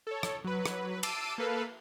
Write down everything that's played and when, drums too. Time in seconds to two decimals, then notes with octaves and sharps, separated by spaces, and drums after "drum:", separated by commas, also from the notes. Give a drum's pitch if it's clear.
0.07 A4 C#5
0.23 drum: rim click
0.44 F#3 B4
0.66 drum: rim click
1.03 A5 D6 E6 C7 D7 D#7, drum: cymbal
1.38 A#3 A4 B4 F5